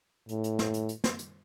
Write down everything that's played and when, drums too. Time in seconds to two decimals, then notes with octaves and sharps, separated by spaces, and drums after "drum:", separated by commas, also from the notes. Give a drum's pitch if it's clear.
0.29 A2, drum: hi-hat
0.44 drum: hi-hat
0.59 drum: snare
0.74 drum: hi-hat
0.89 drum: hi-hat
1.04 drum: snare
1.19 drum: hi-hat